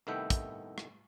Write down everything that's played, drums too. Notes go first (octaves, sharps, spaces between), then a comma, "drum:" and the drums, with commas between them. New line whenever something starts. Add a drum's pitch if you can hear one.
C2 D#3 A3 B3 E5 G5
drum: kick, hi-hat
drum: rim click